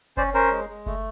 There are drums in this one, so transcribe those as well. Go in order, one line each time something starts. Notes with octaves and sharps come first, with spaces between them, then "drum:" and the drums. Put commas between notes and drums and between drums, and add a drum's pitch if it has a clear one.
C#4 C5 D5, drum: kick F#1
C#4 A#4 C5
G#3
G#3
A3, drum: kick F#1